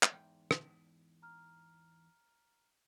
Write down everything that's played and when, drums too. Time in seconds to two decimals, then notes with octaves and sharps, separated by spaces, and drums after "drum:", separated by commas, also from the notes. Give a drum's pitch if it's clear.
0.03 drum: clap
0.12 E2 G#2 G5
0.51 drum: rim click
1.22 A#5 F6